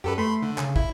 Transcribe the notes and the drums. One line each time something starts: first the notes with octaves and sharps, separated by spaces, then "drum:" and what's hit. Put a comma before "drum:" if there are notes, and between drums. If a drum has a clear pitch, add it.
F#2 G4 A4 B4
A3 B5 C6
D3
C#3, drum: clap
E4, drum: kick